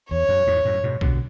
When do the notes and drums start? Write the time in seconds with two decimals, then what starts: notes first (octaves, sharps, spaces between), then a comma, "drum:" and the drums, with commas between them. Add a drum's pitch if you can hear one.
0.11 E2 C#5
0.29 F#2
0.47 E2 G#2
0.65 F#2 A2
0.83 G#2 B2
1.01 B2 D3, drum: kick B1